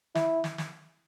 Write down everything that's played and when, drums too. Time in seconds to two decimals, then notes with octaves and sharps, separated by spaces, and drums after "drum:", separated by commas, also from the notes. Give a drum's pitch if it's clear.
0.15 E4, drum: snare
0.44 drum: snare
0.58 drum: snare